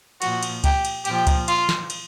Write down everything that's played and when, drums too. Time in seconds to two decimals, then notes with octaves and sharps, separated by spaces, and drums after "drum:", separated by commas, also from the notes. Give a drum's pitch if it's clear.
0.22 A#2 F3 F#4 F#5, drum: cymbal
0.43 drum: cymbal
0.64 G4 G5, drum: kick C#2, cymbal
0.85 drum: cymbal
1.05 A#2 F3 G4 G5, drum: cymbal
1.27 drum: kick C#2, cymbal
1.48 F4 F5, drum: cymbal
1.69 drum: snare
1.90 drum: cymbal